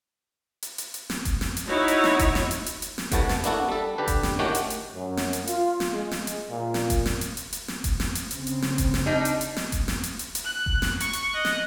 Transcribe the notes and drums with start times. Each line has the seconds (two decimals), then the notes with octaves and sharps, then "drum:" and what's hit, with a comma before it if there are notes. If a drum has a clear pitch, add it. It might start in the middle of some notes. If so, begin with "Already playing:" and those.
0.63 drum: hi-hat
0.78 drum: hi-hat
0.94 drum: hi-hat
1.10 drum: snare
1.25 drum: kick F#1, hi-hat
1.41 drum: snare
1.57 drum: hi-hat
1.68 D#4 E4 F#4 C#5
1.88 drum: hi-hat
2.04 drum: snare
2.19 drum: kick F#1, hi-hat
2.35 drum: snare
2.51 drum: hi-hat
2.66 drum: hi-hat
2.82 drum: hi-hat
2.98 drum: snare
3.12 A2 C3 F#4 B4 A5, drum: kick F#1, hi-hat
3.29 A5, drum: snare
3.44 A#3 B3 D4 E4 F#4 A4, drum: hi-hat
3.69 G3 A4
3.98 D3 G4 B4
4.08 drum: kick F#1, hi-hat
4.23 drum: snare
4.39 A2 D#3 A3 C#4 F#4 G4
4.55 drum: hi-hat
4.70 drum: hi-hat
4.95 F#2
5.17 drum: snare
5.33 drum: hi-hat
5.47 F4, drum: hi-hat
5.80 drum: snare
5.92 G#3
6.11 drum: snare
6.27 drum: hi-hat
6.51 A#2
6.74 drum: snare
6.90 drum: kick F#1, hi-hat
7.06 drum: snare
7.21 drum: hi-hat
7.37 drum: hi-hat
7.53 drum: hi-hat
7.68 drum: snare
7.84 drum: kick F#1, hi-hat
8.00 drum: snare
8.15 drum: hi-hat
8.31 C#3 C4, drum: hi-hat
8.47 drum: hi-hat
8.62 drum: snare
8.78 drum: kick F#1, hi-hat
8.94 drum: snare
9.06 G3 D4 D#4
9.25 drum: hi-hat
9.41 drum: hi-hat
9.56 drum: snare
9.72 drum: kick F#1, hi-hat
9.88 drum: snare
10.04 drum: hi-hat
10.19 drum: hi-hat
10.35 drum: hi-hat
10.45 F#6
10.66 drum: kick F#1
10.82 drum: snare
11.00 C#6, drum: hi-hat
11.13 drum: hi-hat
11.33 D#5 F#6
11.45 drum: snare